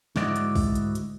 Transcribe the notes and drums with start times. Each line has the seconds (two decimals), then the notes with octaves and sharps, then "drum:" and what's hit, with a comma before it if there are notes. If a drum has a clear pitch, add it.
0.16 D2 G#2 E4 F#4 D5 D#5, drum: snare
0.36 drum: hi-hat
0.56 drum: kick, open hi-hat
0.75 drum: hi-hat
0.95 drum: hi-hat